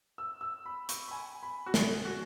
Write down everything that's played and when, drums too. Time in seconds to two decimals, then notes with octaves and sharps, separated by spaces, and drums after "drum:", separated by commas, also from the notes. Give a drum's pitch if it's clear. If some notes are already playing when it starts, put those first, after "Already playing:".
0.18 E6
0.41 E6
0.65 B5
0.89 C#6, drum: hi-hat
1.08 B5
1.11 G#5
1.43 B5
1.66 F#4
1.74 G#4, drum: snare
2.05 F#4